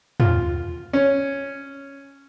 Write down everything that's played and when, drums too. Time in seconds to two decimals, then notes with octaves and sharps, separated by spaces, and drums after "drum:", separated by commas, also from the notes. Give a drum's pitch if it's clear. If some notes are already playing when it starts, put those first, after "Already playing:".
0.20 F4, drum: tom
0.93 C#4